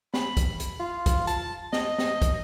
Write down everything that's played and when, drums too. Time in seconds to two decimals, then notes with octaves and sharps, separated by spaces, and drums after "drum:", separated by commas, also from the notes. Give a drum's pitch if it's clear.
0.14 B5, drum: snare
0.37 drum: kick, hi-hat
0.60 drum: hi-hat
0.80 F4
1.06 drum: kick, hi-hat
1.27 A5, drum: hi-hat
1.73 D#5, drum: snare
1.98 drum: snare
2.22 drum: kick, hi-hat